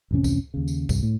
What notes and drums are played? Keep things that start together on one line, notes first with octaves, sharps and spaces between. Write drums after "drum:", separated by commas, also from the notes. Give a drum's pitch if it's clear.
A1 F2 C3 C#4
drum: kick C#2, tambourine
D#2 C#3
drum: tambourine
C2 G2, drum: kick C#2, tambourine
A2